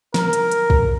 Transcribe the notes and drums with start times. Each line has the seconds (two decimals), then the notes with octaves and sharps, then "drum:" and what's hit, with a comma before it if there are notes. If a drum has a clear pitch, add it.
0.14 A#4, drum: snare
0.33 drum: hi-hat
0.51 drum: hi-hat
0.70 drum: kick